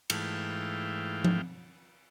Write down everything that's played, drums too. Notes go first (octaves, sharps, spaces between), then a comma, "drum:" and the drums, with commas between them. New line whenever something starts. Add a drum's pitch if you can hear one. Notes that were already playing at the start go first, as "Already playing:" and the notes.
G#2 E3 A3 F5 G5, drum: cymbal
drum: tom F3